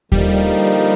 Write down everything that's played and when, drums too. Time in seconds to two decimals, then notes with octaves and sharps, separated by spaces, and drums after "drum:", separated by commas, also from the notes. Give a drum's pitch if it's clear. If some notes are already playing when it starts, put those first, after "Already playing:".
0.12 D3 F3 G3 A#3 D#4, drum: kick D#2